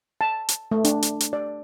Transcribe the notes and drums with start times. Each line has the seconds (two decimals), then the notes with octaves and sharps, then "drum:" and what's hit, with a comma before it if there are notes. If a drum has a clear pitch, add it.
0.21 A5
0.49 drum: hi-hat
0.71 A3
0.84 D4, drum: hi-hat
1.02 drum: hi-hat
1.20 drum: hi-hat
1.33 D5